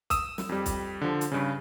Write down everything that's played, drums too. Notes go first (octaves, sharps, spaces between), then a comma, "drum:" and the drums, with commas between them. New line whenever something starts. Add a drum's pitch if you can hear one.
D#6 E6 E7, drum: kick, hi-hat
drum: snare
F2 G3
drum: kick, hi-hat
D3 F3
drum: hi-hat
G2 C#3